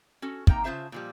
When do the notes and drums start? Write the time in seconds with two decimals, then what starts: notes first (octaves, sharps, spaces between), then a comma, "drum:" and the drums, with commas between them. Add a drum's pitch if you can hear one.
0.22 C#4 F#4 A4
0.47 C3 A#3 D#4 G5 A#5, drum: kick
0.64 C#3 D#4 F4 C5 E5 A5
0.92 A#2 F3 G3